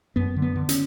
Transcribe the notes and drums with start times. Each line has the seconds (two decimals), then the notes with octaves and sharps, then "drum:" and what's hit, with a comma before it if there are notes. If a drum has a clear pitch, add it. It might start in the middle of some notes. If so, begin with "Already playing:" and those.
0.16 F#2 B3
0.36 D3
0.42 B3
0.56 D3
0.69 C#4, drum: hi-hat